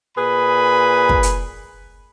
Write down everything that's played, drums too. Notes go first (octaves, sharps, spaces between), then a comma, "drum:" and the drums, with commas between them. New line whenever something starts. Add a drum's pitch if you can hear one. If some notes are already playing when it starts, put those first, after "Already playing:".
A#2 G#4 B4 B5
drum: kick
drum: hi-hat